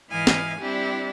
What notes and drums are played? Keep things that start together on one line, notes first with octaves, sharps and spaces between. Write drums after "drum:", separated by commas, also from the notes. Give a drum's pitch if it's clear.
G#2 E3 E4 D#5 F5 G#5
drum: snare
G3 C4 D4 E4 G4